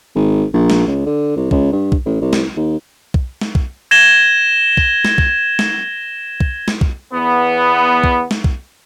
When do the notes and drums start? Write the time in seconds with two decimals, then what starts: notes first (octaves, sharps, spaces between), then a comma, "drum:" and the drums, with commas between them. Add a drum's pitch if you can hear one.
0.15 G#1
0.53 A#1
0.70 drum: snare
0.87 C#2
1.06 D3
1.36 C2
1.51 C#2, drum: kick B1
1.72 G2
1.92 drum: kick B1
2.06 A1
2.21 C2
2.33 drum: snare
2.57 D#2
3.14 drum: kick B1
3.41 drum: snare
3.55 drum: kick B1
3.91 G#6 A#6 E7 G7
4.77 drum: kick B1
5.05 drum: snare
5.18 drum: kick B1
5.59 drum: snare
6.40 drum: kick B1
6.68 drum: snare
6.81 drum: kick B1
7.14 E2 B3
8.04 drum: kick B1
8.31 drum: snare
8.44 drum: kick B1